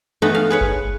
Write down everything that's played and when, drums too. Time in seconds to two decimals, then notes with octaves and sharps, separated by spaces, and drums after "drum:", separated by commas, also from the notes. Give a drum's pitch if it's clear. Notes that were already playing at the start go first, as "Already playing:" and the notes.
0.22 E3 A3 B3 D#4 B4 D#5
0.35 F5
0.50 G#4 B4 C#5
0.61 drum: kick G1